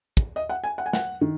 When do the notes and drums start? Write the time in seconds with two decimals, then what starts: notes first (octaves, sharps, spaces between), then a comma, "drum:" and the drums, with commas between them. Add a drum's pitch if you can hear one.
0.17 drum: kick
0.36 D#5
0.49 F#5
0.64 G#5
0.78 F#5
0.86 G#5
0.93 F#5, drum: snare
1.21 D#3